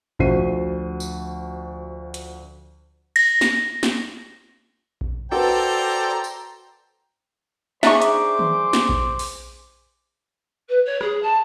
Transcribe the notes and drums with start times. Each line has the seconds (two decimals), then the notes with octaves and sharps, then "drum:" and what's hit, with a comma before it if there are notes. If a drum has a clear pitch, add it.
0.19 D2 F3 F#4 C5 C7 D#7, drum: kick A#1
1.00 drum: tambourine
2.14 drum: hi-hat
3.16 A#6, drum: cymbal
3.41 drum: snare
3.83 drum: snare
5.01 drum: kick A#1
5.32 F#4 A4 B4 C5 D5 G5 A#5
6.24 drum: tambourine
7.83 D4 D#4 G#4 C5 E5 C#6 D6, drum: snare
8.02 drum: hi-hat
8.39 drum: tom D#3
8.73 drum: snare
8.89 drum: kick A#1
9.19 drum: open hi-hat
10.69 B4
10.85 C#5
11.01 G#4, drum: rim click
11.22 A5